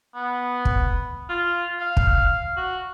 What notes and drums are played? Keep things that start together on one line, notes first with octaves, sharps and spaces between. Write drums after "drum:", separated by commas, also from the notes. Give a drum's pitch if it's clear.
B3
drum: kick
F4
F5
drum: kick
F#4